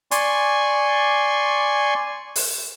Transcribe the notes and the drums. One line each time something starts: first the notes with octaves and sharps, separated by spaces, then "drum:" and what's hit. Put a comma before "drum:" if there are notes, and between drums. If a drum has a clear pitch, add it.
D5 G#5 C6 C#6, drum: hi-hat
drum: open hi-hat